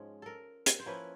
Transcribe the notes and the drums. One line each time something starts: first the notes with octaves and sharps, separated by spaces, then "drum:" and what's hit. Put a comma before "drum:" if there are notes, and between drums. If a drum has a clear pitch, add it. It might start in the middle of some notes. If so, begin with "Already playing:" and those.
Already playing: G#2 F3 G#3 C#4
A4 A#4
drum: hi-hat
C5
F3 A#3 C#4 E4 B4